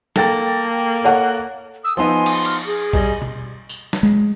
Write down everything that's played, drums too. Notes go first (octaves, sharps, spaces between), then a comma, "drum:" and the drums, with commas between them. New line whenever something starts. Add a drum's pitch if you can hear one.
A#3 A4 G5 A6, drum: snare
A4 C#5 F#5
D#6 E6
F3 B3 D#4 G#5 C6
drum: cymbal
F6, drum: cymbal
G#4
G3 D#5 G#5, drum: kick A#1
drum: tom B2
drum: tambourine
drum: snare
G#3